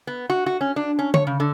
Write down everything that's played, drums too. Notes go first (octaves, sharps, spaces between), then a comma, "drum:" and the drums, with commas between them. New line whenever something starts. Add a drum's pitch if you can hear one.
B3
F#4
F#4
C#4
D4
C#4
C#5, drum: tom
C#3
D3